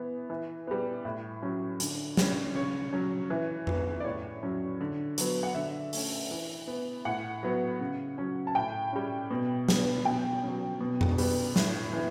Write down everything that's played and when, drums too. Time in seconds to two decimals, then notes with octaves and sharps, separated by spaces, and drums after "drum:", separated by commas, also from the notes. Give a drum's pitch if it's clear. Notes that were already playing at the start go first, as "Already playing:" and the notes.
Already playing: E3 B3
0.30 E3
0.67 G3 B3
1.05 A2
1.42 F#3 C#4
1.80 D3, drum: hi-hat
2.17 G3 C#4, drum: snare
2.55 C#3 C#5
2.93 F#3 C#4
3.30 E3
3.67 B3, drum: tom F2
4.00 D5
4.05 A2 C#5
4.43 F#3 C#4
4.81 D3
5.18 F#3 B3, drum: hi-hat
5.43 F#5
5.55 D3 E5
5.93 A3 C#4, drum: open hi-hat
6.31 E3
6.67 B3
7.05 A2 F#5
7.43 F#3 B3
7.80 C#3
8.18 F#3 C#4
8.47 A5
8.55 A2 G5
8.93 G3 C#4
9.31 B2
9.69 G3 B3, drum: snare
10.05 B2 G5
10.43 F#3 C#4
10.81 B2
11.01 drum: tom F2
11.18 G3 B3, drum: open hi-hat
11.56 A2, drum: snare
11.93 E3 B3